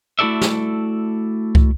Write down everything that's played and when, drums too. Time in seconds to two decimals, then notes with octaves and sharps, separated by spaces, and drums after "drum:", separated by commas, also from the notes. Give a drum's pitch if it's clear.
0.19 A3 E4 F#4 A4 D5 E5
0.41 drum: snare
1.55 drum: kick